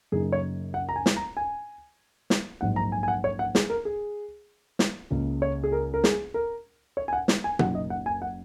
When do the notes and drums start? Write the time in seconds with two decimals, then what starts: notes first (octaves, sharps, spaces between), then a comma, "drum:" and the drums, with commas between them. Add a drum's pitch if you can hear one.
0.12 F#2 C#3 A#3 D#4 G#4
0.32 C#5
0.74 F#5
0.89 A#5
0.96 G#5
1.06 drum: snare
1.17 A#5
1.37 G#5
2.30 drum: snare
2.61 A#1 G#2 F#3 F#5
2.76 A#5
2.92 G#5
3.03 G#5
3.08 F#5
3.24 C#5
3.39 F#5
3.55 G#4, drum: snare
3.70 A#4
3.85 G#4
4.79 drum: snare
5.10 C#2 C#3 A#3 C#4
5.42 C#5
5.64 G#4
5.72 A#4
5.94 A#4
6.04 G#4, drum: snare
6.34 A#4
6.97 C#5
7.08 G#5
7.13 F#5
7.28 drum: snare
7.44 G#5
7.59 F#1 F#2 F#3 D#4 F#5, drum: tom B2
7.75 D#5
7.90 F#5
8.06 G#5
8.22 F#5